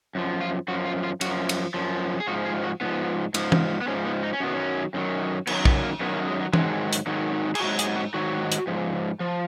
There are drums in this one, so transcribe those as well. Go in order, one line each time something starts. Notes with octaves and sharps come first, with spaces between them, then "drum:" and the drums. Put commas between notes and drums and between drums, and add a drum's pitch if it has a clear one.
F#2 F3
F4
F#2 F3 F#4
F4
F4
F#2 F3 F#4, drum: cymbal
drum: cymbal
F#2 F3
G#4
G#2 F3 F#4
G#4
F#4
G#2 F3 B3
G#2 F3, drum: cymbal
drum: tom E3
B3
G#2 F3 C#4
B3
D#4
C#4
F#2 D#3 F#3 B3
C#4
F#2 D#3 F#3
F#2 D#3 F#3 B3, drum: cymbal
B3, drum: kick
A#3
F#2 D#3 F#3 B3
A#3
G#3
F#3
G#2 D#3 F#3 G#3, drum: tom E3
drum: hi-hat
G#2 D#3 F#3
G#4, drum: cymbal
G#2 D#3 F#3 F#4
G#4, drum: hi-hat
F#4
G#2 D#3 F#3 F#4
drum: hi-hat
G#2 F3
F3